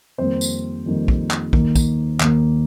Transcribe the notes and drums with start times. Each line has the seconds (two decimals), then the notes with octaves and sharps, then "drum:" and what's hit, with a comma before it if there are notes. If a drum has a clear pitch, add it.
0.18 F2 D#3 G3 A#3 C4 C5
0.41 drum: tambourine
0.86 F2 D#3 G3 A#3
1.08 drum: kick
1.31 drum: clap
1.53 D#2 D#3 A#3, drum: kick
1.75 drum: kick, tambourine
2.20 D#2 D#3 A#3, drum: clap